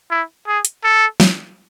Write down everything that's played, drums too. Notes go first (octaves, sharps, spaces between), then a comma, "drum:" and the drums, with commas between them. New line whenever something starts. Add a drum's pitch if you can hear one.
E4
G#4
drum: hi-hat
A4
drum: snare